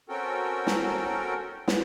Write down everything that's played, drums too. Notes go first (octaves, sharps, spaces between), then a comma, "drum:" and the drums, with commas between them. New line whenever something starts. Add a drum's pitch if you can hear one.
C4 C#4 F#4 A4 A#4 G5
drum: snare
drum: snare